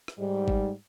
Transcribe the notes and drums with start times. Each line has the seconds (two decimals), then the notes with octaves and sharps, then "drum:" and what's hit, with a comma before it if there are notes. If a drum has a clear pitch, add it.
0.08 drum: rim click
0.19 G#2 G3
0.48 drum: kick G#1